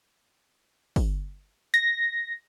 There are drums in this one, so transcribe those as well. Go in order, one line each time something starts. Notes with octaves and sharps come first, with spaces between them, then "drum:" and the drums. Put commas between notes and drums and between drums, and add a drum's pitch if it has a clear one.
drum: kick, open hi-hat
A#6, drum: hi-hat